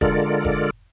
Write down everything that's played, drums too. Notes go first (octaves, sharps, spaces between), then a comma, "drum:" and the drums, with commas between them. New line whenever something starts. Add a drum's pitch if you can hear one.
D3 G#3 F4 A4 A#4 D5, drum: kick
drum: kick